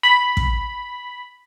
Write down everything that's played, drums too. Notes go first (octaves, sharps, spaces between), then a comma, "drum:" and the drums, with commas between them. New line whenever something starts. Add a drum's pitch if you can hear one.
B5
drum: kick